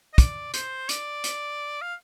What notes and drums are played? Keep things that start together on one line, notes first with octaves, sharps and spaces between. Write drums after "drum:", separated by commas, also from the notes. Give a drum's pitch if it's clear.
D#5
D5, drum: kick, hi-hat
C5, drum: hi-hat
D5, drum: hi-hat
drum: hi-hat
F5